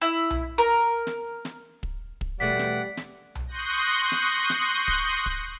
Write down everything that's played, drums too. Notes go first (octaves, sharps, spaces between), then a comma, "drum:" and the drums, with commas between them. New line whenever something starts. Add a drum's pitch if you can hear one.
E4
drum: tom B1
A#4
drum: snare
drum: snare
drum: kick
drum: kick
E2 B2 G3 A3 D5 F#5 B6
drum: snare
drum: snare
drum: tom B1
C6 C#6 D#6 F#6 G6 A#6
drum: snare
drum: snare
drum: kick
drum: kick